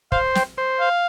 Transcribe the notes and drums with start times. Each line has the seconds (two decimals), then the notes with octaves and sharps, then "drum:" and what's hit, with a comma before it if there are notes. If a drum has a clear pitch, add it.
0.12 C5 F5, drum: kick
0.35 G5, drum: snare
0.58 C5
0.80 F5